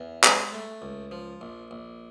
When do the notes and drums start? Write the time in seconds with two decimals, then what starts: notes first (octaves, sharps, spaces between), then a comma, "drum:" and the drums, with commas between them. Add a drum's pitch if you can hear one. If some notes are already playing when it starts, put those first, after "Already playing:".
Already playing: E2
0.24 G#3, drum: clap
0.53 A3
0.82 C#2
1.11 F3
1.41 A#1
1.71 A#1